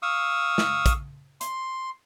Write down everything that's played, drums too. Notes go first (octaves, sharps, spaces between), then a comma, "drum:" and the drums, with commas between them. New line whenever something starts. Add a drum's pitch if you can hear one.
F5 C#6 D#6 E6
drum: snare
drum: kick, hi-hat
C6, drum: hi-hat